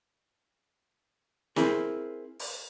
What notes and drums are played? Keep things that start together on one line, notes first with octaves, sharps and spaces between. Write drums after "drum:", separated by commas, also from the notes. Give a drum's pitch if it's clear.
C4 E4 G#4 A#4, drum: snare
drum: open hi-hat